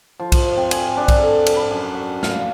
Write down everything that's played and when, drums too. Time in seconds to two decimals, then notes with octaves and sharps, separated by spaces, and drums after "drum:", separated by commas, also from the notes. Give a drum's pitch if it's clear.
0.20 F3
0.32 drum: kick B1, cymbal
0.57 C4
0.71 G#5, drum: cymbal
0.97 D4
1.08 drum: kick B1, cymbal
1.18 A4
1.46 drum: cymbal
1.56 B5
1.70 F#2
1.94 F#5
2.23 F5, drum: snare